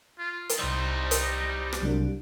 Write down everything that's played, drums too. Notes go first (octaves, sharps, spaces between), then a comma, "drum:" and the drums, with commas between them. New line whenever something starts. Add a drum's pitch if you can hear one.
F4
drum: hi-hat
C2 G3 D#4 C5 E6
drum: hi-hat
drum: rim click
C2 F#3 D4